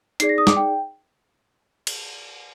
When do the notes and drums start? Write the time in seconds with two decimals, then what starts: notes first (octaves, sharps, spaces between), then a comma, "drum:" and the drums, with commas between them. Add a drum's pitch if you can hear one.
0.20 D#4 G#4 D5 C7, drum: hi-hat
0.29 A#6
0.38 D#6
0.47 D6, drum: snare
0.56 G5
1.87 drum: cymbal